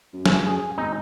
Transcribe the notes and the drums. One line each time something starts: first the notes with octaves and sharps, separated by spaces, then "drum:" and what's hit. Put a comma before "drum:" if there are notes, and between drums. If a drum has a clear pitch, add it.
F#2
drum: snare
G#4
G#1 D#4